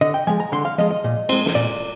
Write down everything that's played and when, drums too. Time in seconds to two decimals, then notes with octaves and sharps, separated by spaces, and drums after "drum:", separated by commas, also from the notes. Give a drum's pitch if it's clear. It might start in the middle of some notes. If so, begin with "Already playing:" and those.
0.01 D3 D#5
0.14 G5
0.27 F3 G#3 G#5
0.40 A#5
0.52 D3 C6
0.65 F5
0.78 F3 G#3 D#5
0.91 D#5
1.04 A#2
1.29 G#3 C4, drum: cymbal
1.46 drum: snare
1.55 A#2 D5